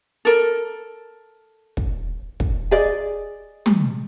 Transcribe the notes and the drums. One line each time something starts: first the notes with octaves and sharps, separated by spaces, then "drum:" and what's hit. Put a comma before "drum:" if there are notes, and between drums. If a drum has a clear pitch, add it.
A4 A#4
drum: kick
drum: kick
G#4 D5 D#5
drum: tom